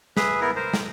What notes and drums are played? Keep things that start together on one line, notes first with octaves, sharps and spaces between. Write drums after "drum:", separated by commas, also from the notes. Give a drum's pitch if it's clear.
G#4 B4 E5, drum: snare
B3 E4 A#4
A#4 C5
drum: snare